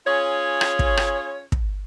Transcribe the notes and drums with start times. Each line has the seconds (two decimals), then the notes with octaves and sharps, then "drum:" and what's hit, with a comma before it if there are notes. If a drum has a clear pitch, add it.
0.06 C#4 F4 G#4 C#5
0.61 drum: rim click
0.79 drum: kick
0.97 drum: rim click
1.52 drum: kick